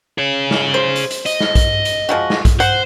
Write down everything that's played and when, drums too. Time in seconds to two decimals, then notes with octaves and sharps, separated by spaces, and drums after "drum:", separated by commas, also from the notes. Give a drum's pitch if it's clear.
0.18 G#4 C#5
0.51 drum: snare
0.74 C5
0.96 drum: hi-hat
1.11 drum: hi-hat
1.26 D#5, drum: hi-hat
1.40 drum: snare
1.55 drum: kick A#1, hi-hat
1.85 drum: hi-hat
2.09 F3 G#3 F#4
2.30 drum: snare
2.45 drum: kick A#1, hi-hat
2.60 C5 F#5, drum: hi-hat